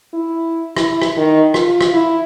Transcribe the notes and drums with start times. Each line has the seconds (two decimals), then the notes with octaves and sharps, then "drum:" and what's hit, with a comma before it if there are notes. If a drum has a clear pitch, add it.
0.13 E4
0.77 E4, drum: rim click
1.02 drum: rim click
1.17 D#3
1.54 F4, drum: rim click
1.81 drum: rim click
1.93 E4